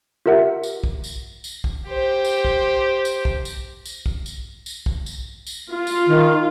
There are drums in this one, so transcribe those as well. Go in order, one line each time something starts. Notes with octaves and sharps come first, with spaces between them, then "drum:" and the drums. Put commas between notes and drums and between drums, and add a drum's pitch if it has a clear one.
F4 G4 A#4 E5 F#5
drum: tambourine
drum: kick
drum: tambourine
drum: tambourine
drum: kick
G4 C5
drum: tambourine
drum: kick
drum: tambourine
drum: kick
drum: tambourine
drum: tambourine
drum: kick
drum: tambourine
drum: tambourine
drum: kick
drum: tambourine
drum: tambourine
F4
drum: tambourine
D#3